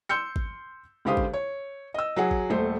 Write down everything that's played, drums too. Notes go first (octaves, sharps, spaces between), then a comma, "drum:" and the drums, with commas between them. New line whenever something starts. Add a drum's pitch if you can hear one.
C6 E6 G6 C#7
drum: kick
C#2 D3 G4 C5 F5 D#6
drum: kick
C#5
D#5 E6
F#3 G#4 F#5
drum: kick
D#1 A3 C5